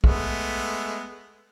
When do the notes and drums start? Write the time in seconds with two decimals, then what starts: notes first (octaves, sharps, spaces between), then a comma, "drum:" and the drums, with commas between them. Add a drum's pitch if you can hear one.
0.04 G#3 A3 B3, drum: kick